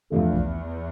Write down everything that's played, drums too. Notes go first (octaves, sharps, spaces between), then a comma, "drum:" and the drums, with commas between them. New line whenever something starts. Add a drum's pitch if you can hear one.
E2 F3 A3 D4 A4
drum: kick B1